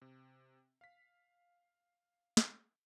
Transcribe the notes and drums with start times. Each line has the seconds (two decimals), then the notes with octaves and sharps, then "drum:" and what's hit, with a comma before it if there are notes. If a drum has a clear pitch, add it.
0.02 C3
0.81 F5 B6
2.37 drum: snare